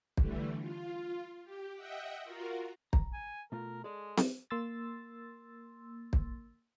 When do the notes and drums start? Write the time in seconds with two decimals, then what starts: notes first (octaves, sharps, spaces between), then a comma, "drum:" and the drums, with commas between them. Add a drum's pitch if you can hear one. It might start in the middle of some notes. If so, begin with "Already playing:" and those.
0.17 D3 E3 G3 A3, drum: kick
0.59 F4
1.44 G4
1.74 D#5 E5 F#5 G5
2.24 F4 F#4 A#4
2.93 A#5, drum: kick
3.13 G#5
3.52 B2 A3 F4 A#4
3.84 G#3 G#4 A4 D5
4.17 drum: snare C4
4.50 A#3 C6 E6 A6
6.13 drum: kick